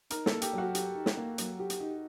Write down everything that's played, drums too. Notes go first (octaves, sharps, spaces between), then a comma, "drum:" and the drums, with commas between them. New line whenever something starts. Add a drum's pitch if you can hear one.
D#4 A#4, drum: hi-hat
A4, drum: snare
A#3
G4, drum: hi-hat
F#3 F#4
G4, drum: hi-hat
D#4
drum: snare
A#3
F#3, drum: hi-hat
G4
drum: hi-hat
D#4